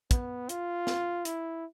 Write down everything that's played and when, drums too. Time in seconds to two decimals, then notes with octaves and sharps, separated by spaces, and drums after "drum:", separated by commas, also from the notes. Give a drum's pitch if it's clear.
0.11 B3, drum: kick, hi-hat
0.49 F4, drum: hi-hat
0.87 drum: snare
1.25 E4, drum: hi-hat